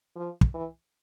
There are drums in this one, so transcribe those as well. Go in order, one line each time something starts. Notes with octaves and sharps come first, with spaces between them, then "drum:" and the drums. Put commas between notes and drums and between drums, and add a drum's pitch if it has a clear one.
F3
drum: kick
E3